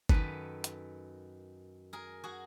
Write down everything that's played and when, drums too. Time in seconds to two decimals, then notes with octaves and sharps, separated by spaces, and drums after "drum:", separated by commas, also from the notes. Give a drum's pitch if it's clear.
0.09 F#2 D#3 A4 B4, drum: kick
0.64 drum: hi-hat
1.93 G#4 A#4
2.24 F#4 G#4